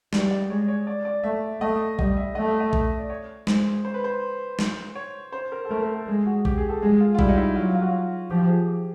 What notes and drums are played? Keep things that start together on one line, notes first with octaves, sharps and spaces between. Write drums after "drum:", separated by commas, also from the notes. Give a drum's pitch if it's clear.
G3, drum: snare
D5
D#5
G#3 C#5
D5
C#5
D5
D5
A3 E5
A3 D#5
G3 D#5, drum: kick A#1
E5
A3 D#5
E5
D#5
drum: kick A#1
D5
C#5
G#3 C5, drum: snare
C5
B4
C5
drum: snare
C#5
C5
A#4
A4
A3 A#4
A#4
A4
G#3 G#4
F#4
G4, drum: kick A#1
G#4
A4
G#3 G#4
F4
F4
G3 E4, drum: kick A#1
D#4
E4
F#3 F4
F4
F#4
F4
F3 G4
G#4
G4